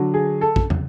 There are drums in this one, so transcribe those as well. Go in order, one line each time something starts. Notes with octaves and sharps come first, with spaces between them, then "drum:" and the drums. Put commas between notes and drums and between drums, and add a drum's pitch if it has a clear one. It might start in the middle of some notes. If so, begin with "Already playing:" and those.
Already playing: D3 F#3
G#4
A4
drum: kick
drum: tom